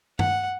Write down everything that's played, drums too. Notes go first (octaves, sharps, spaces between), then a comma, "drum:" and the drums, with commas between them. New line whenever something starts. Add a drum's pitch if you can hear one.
F#5, drum: tom G2